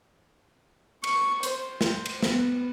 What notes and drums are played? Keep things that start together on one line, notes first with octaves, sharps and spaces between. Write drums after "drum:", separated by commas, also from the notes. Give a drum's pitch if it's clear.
C#6, drum: cymbal
C5, drum: hi-hat
drum: snare
drum: cymbal
B3, drum: snare